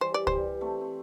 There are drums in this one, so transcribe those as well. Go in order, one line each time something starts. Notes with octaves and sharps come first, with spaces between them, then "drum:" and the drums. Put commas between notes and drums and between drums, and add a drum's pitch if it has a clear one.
E3 G3 C5
D5
E3 G3 C5, drum: kick
A3 C4
C4